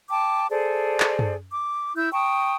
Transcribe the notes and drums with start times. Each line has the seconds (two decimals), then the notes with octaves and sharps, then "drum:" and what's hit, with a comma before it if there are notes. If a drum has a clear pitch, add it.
0.10 G5 A5 D6
0.50 G#4 A4 C5 D5
1.00 drum: clap
1.19 drum: tom
1.51 D6
1.96 E4 E6 G6
2.13 G5 A5 C#6 D#6